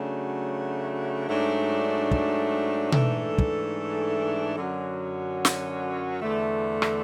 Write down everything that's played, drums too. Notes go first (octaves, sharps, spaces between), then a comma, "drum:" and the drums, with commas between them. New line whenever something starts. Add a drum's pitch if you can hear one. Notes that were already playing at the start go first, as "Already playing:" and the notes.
Already playing: C#3 F#3 A3 D4 F#4
G#2 F#3 A3 D4
drum: kick
G#2 E3 A3 D4 A4, drum: tom B2
drum: kick
F#2 D3 F#3 C#4 F#4
drum: snare
E2 D3 A3
drum: rim click